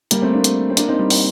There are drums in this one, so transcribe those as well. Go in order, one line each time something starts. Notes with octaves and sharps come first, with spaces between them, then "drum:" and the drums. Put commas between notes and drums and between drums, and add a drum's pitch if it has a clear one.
G3 A#3, drum: hi-hat
A3 C4
A#3 D4
drum: hi-hat
C4
A#3 D4, drum: hi-hat
C4 D#4
G3
drum: open hi-hat